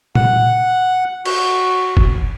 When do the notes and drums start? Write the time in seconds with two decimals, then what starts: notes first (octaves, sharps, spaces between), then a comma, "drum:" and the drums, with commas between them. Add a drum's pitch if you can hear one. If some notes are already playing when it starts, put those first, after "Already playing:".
0.15 F#5, drum: tom A#2
1.25 F#4, drum: cymbal
1.97 drum: kick